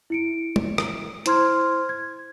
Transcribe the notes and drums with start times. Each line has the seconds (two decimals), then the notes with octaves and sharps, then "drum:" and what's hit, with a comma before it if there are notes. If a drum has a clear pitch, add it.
0.10 E4 C#7 D7
0.56 drum: tom
0.78 drum: rim click
1.26 E4 C5 C6 F6 G#6, drum: hi-hat
1.89 G#6